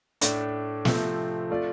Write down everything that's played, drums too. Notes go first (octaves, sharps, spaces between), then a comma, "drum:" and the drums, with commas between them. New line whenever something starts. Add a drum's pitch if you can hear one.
A2 A3 D4, drum: hi-hat
C3 F3 A3 C4, drum: snare
A3 F4 D5